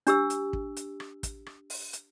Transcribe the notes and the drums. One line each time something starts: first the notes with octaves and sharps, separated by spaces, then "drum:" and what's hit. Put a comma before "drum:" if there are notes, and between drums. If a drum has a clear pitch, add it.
D4 G4 E6, drum: hi-hat
drum: hi-hat
drum: kick
drum: hi-hat
drum: rim click
drum: kick, hi-hat
drum: rim click
drum: open hi-hat
drum: hi-hat